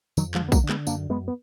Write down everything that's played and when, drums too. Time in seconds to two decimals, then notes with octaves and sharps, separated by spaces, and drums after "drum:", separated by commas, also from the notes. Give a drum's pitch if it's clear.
0.17 F2 D#3 F#3, drum: tambourine
0.35 F3 G#3, drum: clap
0.41 D3
0.48 B3
0.52 F#3 A#3, drum: kick A#1, tambourine
0.64 D3
0.69 G#3 B3, drum: clap
0.87 F#2 A#3 D4, drum: tambourine
1.09 F#2 G#3 B3
1.28 B3